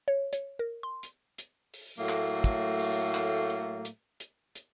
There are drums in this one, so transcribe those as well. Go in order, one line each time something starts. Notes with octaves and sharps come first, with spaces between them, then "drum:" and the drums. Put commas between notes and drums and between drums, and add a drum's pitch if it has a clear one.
C#5
C#5, drum: hi-hat
A#4
C6
drum: hi-hat
drum: hi-hat
drum: open hi-hat
A2 F#3 A3 A#3
drum: clap
drum: kick, hi-hat
drum: open hi-hat
drum: clap
drum: hi-hat
drum: hi-hat
drum: hi-hat
drum: hi-hat